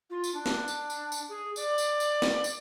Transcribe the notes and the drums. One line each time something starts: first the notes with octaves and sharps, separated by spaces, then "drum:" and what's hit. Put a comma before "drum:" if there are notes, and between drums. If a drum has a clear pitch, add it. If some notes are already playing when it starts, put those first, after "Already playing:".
F4
drum: tambourine
D4
drum: snare
drum: tambourine
drum: tambourine
drum: tambourine
G#4
D5, drum: tambourine
drum: tambourine
drum: tambourine
drum: snare
drum: tambourine